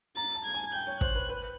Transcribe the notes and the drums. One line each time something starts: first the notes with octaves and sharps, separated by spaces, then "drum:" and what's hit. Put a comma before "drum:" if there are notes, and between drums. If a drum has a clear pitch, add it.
A#5 A6
A5
G#6
G#5
G5 G6
C#5
C5 F#6, drum: kick
B4
B4